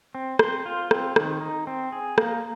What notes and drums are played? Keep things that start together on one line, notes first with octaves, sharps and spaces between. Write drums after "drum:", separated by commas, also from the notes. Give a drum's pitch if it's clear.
C4
C5, drum: rim click
F4
C4, drum: rim click
D#3, drum: rim click
D#4
C4
G#4
A#3, drum: rim click